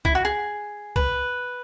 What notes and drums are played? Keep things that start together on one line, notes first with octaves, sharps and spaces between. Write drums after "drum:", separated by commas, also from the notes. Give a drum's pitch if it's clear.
E4, drum: kick C2
F#4
G#4
B4, drum: kick C2